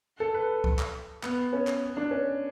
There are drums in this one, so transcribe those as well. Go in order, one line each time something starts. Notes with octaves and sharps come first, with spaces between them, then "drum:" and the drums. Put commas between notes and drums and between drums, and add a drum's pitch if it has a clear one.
A4
B4
drum: kick C#2
drum: clap
B3, drum: clap
C#4
drum: clap
D4
C#4